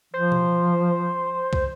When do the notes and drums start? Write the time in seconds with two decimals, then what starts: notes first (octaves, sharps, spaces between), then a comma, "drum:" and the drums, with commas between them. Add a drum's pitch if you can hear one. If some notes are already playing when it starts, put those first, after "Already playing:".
0.14 F3 C5
0.32 drum: tom B2
1.53 drum: kick